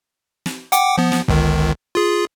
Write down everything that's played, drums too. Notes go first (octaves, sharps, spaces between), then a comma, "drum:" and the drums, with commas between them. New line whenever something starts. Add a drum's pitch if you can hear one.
drum: snare
F#5 G5 D6, drum: hi-hat
F3 B3
drum: snare
G1 C#2 D#3, drum: kick
F4 G#4